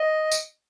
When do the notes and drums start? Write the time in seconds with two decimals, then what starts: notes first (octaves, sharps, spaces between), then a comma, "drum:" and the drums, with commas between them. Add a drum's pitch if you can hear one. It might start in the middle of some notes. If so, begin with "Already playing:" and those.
Already playing: D#5
0.32 drum: tambourine